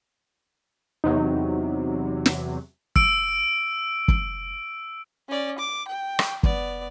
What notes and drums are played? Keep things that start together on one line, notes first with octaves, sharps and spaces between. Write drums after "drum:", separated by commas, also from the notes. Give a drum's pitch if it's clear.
E2 C3 F#3 D#4
drum: snare
E6 D7, drum: kick
drum: kick
C#4 D5
D6
G5
drum: rim click
B3 D5, drum: kick